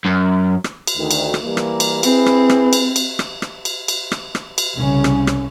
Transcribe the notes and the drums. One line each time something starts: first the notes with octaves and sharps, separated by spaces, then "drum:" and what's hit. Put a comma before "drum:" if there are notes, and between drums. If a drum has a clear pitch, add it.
F#2
drum: rim click
drum: cymbal
D2 D#3
drum: cymbal
drum: rim click
E3 G3 A#3
drum: rim click
drum: cymbal
C4 E4 G#4 B4, drum: cymbal
drum: rim click
drum: rim click
drum: cymbal
drum: cymbal
drum: rim click
drum: rim click
drum: cymbal
drum: cymbal
drum: rim click
drum: rim click
drum: cymbal
C2 C#3 C#4
drum: rim click
drum: rim click